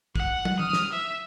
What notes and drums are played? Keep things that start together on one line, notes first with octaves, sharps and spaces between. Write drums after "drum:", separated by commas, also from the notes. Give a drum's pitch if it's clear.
F#5, drum: kick
drum: tom
D#6 F6, drum: tom
drum: snare
E5